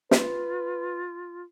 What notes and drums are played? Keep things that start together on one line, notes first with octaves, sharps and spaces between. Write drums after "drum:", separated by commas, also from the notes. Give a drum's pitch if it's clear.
F4 B4, drum: snare